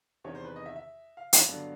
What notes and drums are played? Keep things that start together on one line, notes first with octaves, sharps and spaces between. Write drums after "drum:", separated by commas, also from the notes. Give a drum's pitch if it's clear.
E2 C3 D#3 C#5
C5
B4
D#5
E5
E5
F5
F5, drum: hi-hat
G2 D3 F#3 B3 D4